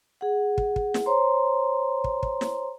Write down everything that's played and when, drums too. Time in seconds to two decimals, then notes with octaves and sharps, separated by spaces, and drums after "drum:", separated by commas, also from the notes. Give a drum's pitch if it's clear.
0.21 G#4 F#5
0.58 drum: kick
0.76 drum: kick
0.94 drum: snare
1.06 C5 C#5 A#5 C6
2.04 drum: kick
2.23 drum: kick
2.41 drum: snare